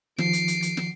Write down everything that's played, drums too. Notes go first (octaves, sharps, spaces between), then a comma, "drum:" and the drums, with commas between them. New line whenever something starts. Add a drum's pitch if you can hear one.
D#3 F3 C7 D7, drum: snare
drum: hi-hat
drum: hi-hat
drum: hi-hat
drum: snare